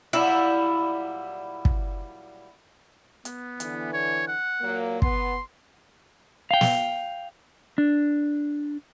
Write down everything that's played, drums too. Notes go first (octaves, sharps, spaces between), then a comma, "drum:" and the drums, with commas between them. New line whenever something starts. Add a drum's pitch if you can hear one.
A#2 F#3 G3 E4
drum: kick
B3, drum: hi-hat
D3 E3, drum: hi-hat
C#5
F#5
A#2 F#3 A#3
B3 C6, drum: kick
F5 G5
drum: snare
D4